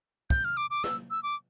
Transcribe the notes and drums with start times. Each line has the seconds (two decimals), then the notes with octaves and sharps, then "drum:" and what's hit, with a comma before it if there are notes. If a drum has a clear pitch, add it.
0.30 G6, drum: kick
0.45 F6
0.57 D6
0.71 D6
0.84 E6, drum: snare
1.11 E6
1.23 D6